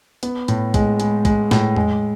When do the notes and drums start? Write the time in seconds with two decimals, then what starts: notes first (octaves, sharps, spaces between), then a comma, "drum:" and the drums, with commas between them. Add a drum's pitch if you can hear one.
0.23 B3, drum: hi-hat
0.48 A2, drum: hi-hat
0.74 G#3, drum: kick, hi-hat
1.00 G#3, drum: hi-hat
1.25 G#3, drum: kick, hi-hat
1.51 A2, drum: snare
1.76 G#3, drum: tom E2